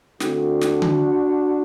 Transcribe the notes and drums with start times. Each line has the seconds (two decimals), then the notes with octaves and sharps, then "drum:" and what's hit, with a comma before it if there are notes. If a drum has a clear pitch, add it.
0.20 D3 A3 C4 D4 F#4, drum: snare
0.61 drum: snare
0.82 drum: tom D3